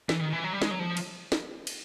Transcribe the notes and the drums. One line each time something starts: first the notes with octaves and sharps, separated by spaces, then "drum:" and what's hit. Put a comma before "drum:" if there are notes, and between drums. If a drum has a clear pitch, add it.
E3, drum: snare
D#3
E3
F#3
G3
G#3, drum: snare
F#3
F3
drum: cymbal
drum: snare
drum: cymbal